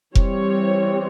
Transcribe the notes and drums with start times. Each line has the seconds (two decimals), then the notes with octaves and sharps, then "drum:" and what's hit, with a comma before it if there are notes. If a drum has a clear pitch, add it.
0.15 E3 G3 C4 C#5, drum: kick F1